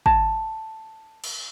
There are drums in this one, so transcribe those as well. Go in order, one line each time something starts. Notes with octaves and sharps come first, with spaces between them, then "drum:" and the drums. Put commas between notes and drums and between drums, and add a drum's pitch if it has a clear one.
A5, drum: kick G#1
drum: cymbal